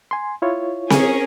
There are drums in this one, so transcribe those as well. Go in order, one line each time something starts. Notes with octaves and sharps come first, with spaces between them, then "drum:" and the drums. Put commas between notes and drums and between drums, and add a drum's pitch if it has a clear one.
G#5 C6
E4 F4 C#5
C#4 G#4 A#4, drum: snare C4